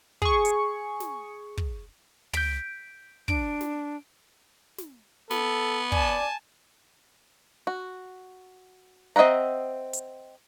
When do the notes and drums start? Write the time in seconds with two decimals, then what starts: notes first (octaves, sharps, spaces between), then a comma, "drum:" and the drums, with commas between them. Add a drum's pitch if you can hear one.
0.22 G#4 C#6, drum: kick
0.45 drum: hi-hat
1.00 drum: snare
1.57 drum: kick
2.33 G6 B6 D7, drum: tom
3.28 D4 D7, drum: kick
3.61 drum: snare
4.78 drum: snare
5.31 B3 A4, drum: snare
5.92 D5 G#5 A5, drum: kick
7.67 F#4
9.16 C4 D#5 E5 F#5 A#5
9.93 drum: hi-hat